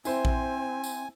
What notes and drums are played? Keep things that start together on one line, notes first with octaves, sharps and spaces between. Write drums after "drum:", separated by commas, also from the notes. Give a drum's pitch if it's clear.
C4 E4 C5 G#5, drum: tambourine
drum: kick A#1
drum: tambourine